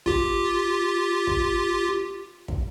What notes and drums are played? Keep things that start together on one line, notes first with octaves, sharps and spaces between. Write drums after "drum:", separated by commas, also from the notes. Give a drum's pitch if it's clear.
F4 G4, drum: kick
drum: kick
drum: kick